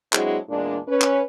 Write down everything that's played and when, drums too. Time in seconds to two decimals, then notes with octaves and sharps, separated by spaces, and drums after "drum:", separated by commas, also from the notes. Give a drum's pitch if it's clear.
0.13 F#3 G#3 C4 D4 E4 F#4, drum: clap
0.49 E2 A#2 G#3 D4
0.88 C#4 B4
1.02 drum: clap